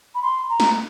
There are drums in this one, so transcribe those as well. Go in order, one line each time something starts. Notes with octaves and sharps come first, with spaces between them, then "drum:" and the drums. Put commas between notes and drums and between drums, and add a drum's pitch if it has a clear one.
B5
C6
A#5
drum: snare